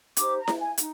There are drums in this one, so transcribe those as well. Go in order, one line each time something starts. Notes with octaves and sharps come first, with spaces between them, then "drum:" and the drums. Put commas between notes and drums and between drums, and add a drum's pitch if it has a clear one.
D#4 G4 C5 D6, drum: hi-hat
A#5
drum: snare E4
G#5
D#4, drum: hi-hat